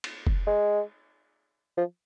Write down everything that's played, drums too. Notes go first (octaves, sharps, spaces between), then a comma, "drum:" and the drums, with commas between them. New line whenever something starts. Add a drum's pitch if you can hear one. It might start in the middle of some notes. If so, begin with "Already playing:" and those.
drum: cymbal
drum: kick F1
G#3
F3